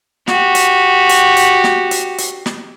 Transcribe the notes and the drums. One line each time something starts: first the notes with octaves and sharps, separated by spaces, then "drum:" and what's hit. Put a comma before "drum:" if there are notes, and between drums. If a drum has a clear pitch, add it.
F#4 G4, drum: snare
drum: hi-hat
drum: hi-hat
drum: hi-hat
drum: snare
drum: hi-hat
drum: hi-hat
drum: snare